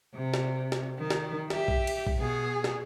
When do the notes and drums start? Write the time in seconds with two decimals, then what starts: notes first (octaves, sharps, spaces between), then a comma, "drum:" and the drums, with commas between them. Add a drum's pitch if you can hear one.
0.14 C3
0.34 drum: snare
0.72 drum: snare
0.99 D#3
1.10 drum: snare
1.50 G4 E5, drum: snare
1.68 drum: kick
1.87 drum: cymbal
2.07 drum: kick
2.19 B2 G#4
2.64 drum: snare